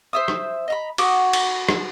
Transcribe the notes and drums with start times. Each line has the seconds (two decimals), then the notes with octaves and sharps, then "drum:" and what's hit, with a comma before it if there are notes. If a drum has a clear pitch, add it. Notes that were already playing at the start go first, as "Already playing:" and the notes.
0.13 C5 E5 D#6
0.28 drum: rim click
0.68 D#5 A#5 B5
0.98 F#4 F#5 D6 D#6, drum: cymbal
1.33 drum: cymbal
1.69 drum: rim click